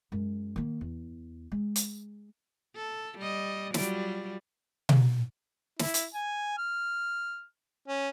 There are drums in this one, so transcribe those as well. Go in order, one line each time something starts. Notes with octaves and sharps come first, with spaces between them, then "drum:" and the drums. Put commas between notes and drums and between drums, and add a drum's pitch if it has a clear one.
F#2 G#3
D#3 A#3
E2
G#3
drum: hi-hat
A4
G3 D#5
F#3 G3 F4, drum: snare
drum: tom B2
E4, drum: snare
drum: hi-hat
G#5
F6
C#4